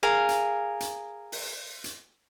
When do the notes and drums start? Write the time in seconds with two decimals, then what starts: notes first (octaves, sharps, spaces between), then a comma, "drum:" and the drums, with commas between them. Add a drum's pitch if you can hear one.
0.03 G#4 A#4 F5
0.29 drum: hi-hat
0.80 drum: hi-hat
1.32 drum: open hi-hat
1.84 drum: hi-hat